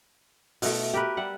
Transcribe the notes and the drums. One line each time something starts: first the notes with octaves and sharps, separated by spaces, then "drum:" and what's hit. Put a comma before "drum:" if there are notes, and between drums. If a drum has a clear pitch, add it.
B2 A3, drum: open hi-hat
G4 A#4 B4
G3 E5 F#5